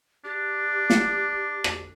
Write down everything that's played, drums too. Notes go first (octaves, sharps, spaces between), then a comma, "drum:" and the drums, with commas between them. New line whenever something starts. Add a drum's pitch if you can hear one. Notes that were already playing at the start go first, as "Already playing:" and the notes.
D4 G4
drum: snare
drum: rim click